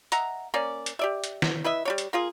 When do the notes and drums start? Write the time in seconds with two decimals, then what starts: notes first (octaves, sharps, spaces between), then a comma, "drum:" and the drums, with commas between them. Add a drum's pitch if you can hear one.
0.12 D#5 E5 F#5 A#5, drum: hi-hat
0.54 A#3 C#4 D5
0.86 drum: hi-hat
0.99 G4 D5 E5
1.24 drum: hi-hat
1.42 drum: snare
1.64 E4 B4 D#5 E5
1.85 G3 D4 C#5
1.98 drum: hi-hat
2.13 A#3 F4 G#4